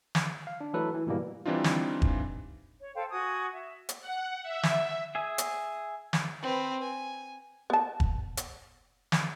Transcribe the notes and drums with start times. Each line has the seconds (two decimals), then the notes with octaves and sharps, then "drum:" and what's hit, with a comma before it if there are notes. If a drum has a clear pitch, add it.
0.15 drum: snare
0.47 F5
0.61 D4
0.73 E3 F#3 A3 A4 B4
0.94 E3
1.07 G#2 B2 D#3 E3 G3 A#3
1.46 E3 G3 C4 D4 D#4 F4
1.64 drum: snare
2.02 drum: kick
2.80 C#5
2.95 A4 C5 F5 G5
3.10 F#4 G#5 C#6 D#6
3.51 E5
3.89 drum: hi-hat
4.01 F#5
4.43 E5
4.63 drum: snare
5.15 G#4 E5 G#5
5.38 drum: hi-hat
6.13 drum: snare
6.42 C4 B4
6.82 G#5
7.70 B3 A5
8.00 drum: kick
8.37 drum: hi-hat
9.12 drum: snare